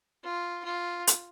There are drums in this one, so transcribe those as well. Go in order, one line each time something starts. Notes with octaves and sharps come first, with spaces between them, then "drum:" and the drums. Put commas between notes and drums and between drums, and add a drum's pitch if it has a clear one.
F4
F4
drum: hi-hat